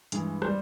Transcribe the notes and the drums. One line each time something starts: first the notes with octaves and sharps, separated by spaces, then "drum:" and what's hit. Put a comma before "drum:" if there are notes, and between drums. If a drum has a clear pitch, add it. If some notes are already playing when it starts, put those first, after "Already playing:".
G2 E3 G#3, drum: hi-hat
G3 C5, drum: rim click